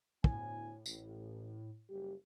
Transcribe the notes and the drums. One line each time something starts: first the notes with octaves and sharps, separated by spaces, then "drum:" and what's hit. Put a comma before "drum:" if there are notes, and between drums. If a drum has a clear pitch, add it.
D2 A2 B3 G#5, drum: kick
A1, drum: tambourine
F#1 G3 G4